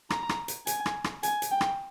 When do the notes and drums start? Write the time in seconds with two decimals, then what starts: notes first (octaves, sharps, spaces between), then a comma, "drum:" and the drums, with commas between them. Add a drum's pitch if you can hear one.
0.10 A#5, drum: rim click
0.29 drum: rim click
0.48 drum: hi-hat
0.67 G#5, drum: hi-hat
0.86 drum: rim click
1.04 drum: rim click
1.23 G#5, drum: hi-hat
1.42 drum: hi-hat
1.51 G5
1.61 drum: rim click